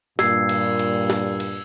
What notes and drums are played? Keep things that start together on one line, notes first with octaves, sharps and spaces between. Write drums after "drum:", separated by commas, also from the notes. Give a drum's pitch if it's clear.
G2 A#2 E6 G#6 C7, drum: snare
drum: cymbal
drum: cymbal
drum: snare
drum: cymbal